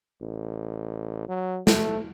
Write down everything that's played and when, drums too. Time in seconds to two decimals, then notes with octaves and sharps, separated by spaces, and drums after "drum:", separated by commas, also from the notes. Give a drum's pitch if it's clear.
0.22 A1
1.28 F#3
1.67 A3, drum: snare